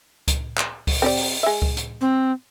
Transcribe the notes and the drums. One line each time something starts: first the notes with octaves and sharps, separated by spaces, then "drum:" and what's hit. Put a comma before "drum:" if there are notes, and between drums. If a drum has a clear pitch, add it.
drum: kick C#2, hi-hat
drum: clap
drum: kick C#2, open hi-hat
C4 G4 D5
drum: open hi-hat
G#3 E5
drum: kick C#2
drum: hi-hat
C4